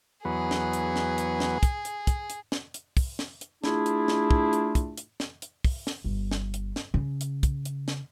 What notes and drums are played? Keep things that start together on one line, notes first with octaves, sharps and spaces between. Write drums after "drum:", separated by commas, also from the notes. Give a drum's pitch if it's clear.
E2 F#3 B3 G#4
drum: snare
drum: hi-hat
drum: snare
drum: hi-hat
drum: snare
drum: kick, hi-hat
drum: hi-hat
drum: kick, hi-hat
drum: hi-hat
drum: snare
drum: hi-hat
drum: kick, open hi-hat
drum: snare
drum: hi-hat
A3 D4 E4 F4 G#4, drum: snare
drum: hi-hat
drum: snare
drum: kick
drum: hi-hat
drum: kick, hi-hat
drum: hi-hat
drum: snare
drum: hi-hat
drum: kick, open hi-hat
drum: snare
G1
drum: snare
drum: hi-hat
drum: snare
C#3
drum: hi-hat
drum: kick, hi-hat
drum: hi-hat
drum: snare